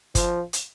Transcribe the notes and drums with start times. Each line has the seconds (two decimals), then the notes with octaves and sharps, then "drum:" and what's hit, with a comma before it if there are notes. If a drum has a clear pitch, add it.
0.15 F3, drum: kick, hi-hat
0.53 drum: hi-hat